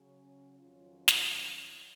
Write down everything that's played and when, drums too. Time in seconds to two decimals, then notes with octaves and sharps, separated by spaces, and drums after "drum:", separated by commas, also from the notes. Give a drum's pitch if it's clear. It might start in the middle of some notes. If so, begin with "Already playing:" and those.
Already playing: C#3 F#3 C#4
0.60 F2 D#3 F#3 C#4 F4
1.08 drum: snare